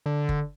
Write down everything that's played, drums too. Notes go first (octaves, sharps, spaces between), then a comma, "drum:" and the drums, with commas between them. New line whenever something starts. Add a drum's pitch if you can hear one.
D3
drum: kick G1